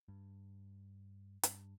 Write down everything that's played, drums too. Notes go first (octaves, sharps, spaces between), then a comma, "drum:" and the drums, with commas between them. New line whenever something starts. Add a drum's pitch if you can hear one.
G2
G2, drum: hi-hat